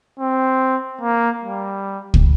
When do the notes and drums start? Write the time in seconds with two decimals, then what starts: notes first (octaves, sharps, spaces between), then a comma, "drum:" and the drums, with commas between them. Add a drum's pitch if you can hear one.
0.20 C4
1.01 A#3
1.44 G3
2.14 drum: kick